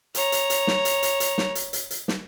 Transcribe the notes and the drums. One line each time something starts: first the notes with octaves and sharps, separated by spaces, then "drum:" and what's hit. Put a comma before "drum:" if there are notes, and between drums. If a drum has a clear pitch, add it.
C#5 A#5, drum: hi-hat
drum: hi-hat
drum: hi-hat
drum: snare
drum: hi-hat
drum: hi-hat
drum: hi-hat
drum: snare
drum: hi-hat
drum: hi-hat
drum: hi-hat
drum: snare